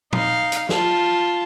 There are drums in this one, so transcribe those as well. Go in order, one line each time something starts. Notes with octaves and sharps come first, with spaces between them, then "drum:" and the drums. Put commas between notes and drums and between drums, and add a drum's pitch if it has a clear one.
D#4 F5, drum: tom
drum: hi-hat
F4 A5, drum: snare